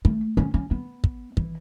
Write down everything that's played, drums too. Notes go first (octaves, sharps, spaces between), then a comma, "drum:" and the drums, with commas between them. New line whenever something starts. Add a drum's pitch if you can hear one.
A3, drum: kick
C#4
C#4
B3
drum: kick
E3, drum: kick